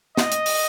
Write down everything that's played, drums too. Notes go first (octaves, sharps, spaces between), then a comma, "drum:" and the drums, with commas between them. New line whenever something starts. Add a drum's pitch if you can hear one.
D#5, drum: snare
drum: hi-hat
drum: open hi-hat